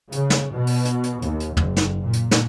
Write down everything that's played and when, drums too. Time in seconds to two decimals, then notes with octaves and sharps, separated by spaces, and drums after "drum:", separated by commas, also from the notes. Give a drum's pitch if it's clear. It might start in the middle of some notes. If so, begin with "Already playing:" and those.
0.12 C#3, drum: hi-hat
0.30 drum: snare
0.53 B2
0.67 drum: open hi-hat
0.85 drum: hi-hat
1.03 drum: hi-hat
1.22 D#2, drum: hi-hat
1.40 drum: hi-hat
1.57 F#1, drum: tom
1.77 drum: snare
2.03 A#2
2.13 drum: hi-hat
2.31 drum: snare